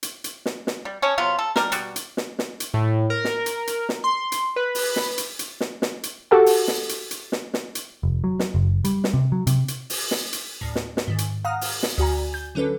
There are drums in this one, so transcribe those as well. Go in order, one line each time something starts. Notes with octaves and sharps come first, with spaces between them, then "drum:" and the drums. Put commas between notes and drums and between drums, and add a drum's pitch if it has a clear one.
drum: hi-hat
drum: hi-hat
drum: snare
drum: snare
G3
C#4 C#5 D#5 A5
C3 F#3 B3 F4
A4
G3 A#4, drum: snare
B2 G3 F#4, drum: hi-hat
drum: hi-hat
drum: snare
drum: snare
drum: hi-hat
A2
A#4
drum: snare
drum: hi-hat
drum: hi-hat
drum: snare
C6
drum: hi-hat
B4
drum: open hi-hat
drum: snare
drum: hi-hat
drum: hi-hat
drum: snare
drum: snare
drum: hi-hat
F#4 G4 A4 F#5
drum: open hi-hat
drum: snare
drum: hi-hat
drum: hi-hat
drum: snare
drum: snare
drum: hi-hat
F1
F#3
drum: snare
F#1
G3, drum: hi-hat
drum: snare
C3
F#3
C3, drum: hi-hat
drum: hi-hat
drum: open hi-hat
drum: snare
drum: hi-hat
D2 A2
drum: snare
drum: snare
G#2 D#3
drum: hi-hat
F5 F#5 A#5 D#6 F6
drum: open hi-hat
drum: snare
D2 F#4 G#5 A#5
G6
D3 F#3 C#4 A4 B4